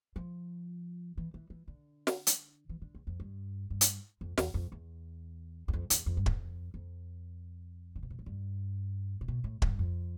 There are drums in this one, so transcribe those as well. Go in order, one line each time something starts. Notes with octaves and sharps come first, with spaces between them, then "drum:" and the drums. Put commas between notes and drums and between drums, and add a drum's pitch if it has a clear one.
F3
E3
E3
E3
D3
drum: snare
drum: hi-hat
E3
D3
E2
F2
G2
G2
drum: hi-hat
F2
E2, drum: snare
F2
E2
E2
F2
E2, drum: hi-hat
F2
G2
F2, drum: kick
F2
D3
C3
B2
A2
G2
C3
B2
A2
G2, drum: kick
F2